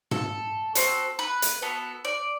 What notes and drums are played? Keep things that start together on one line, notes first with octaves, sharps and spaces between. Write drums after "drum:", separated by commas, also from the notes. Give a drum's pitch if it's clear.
A4, drum: tom G#2
C4 F#4 A4, drum: hi-hat
B4
drum: hi-hat
B3 F#4 A4
D5